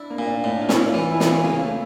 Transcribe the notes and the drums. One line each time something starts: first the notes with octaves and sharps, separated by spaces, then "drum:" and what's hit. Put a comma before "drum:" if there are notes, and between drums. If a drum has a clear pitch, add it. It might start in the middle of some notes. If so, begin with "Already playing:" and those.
Already playing: D4 E4
A#3
A#2
D4
A2 D4
F4
C#4 E4, drum: snare
E3 F4
E4
E3, drum: snare
C#4
C#3 A#3
A3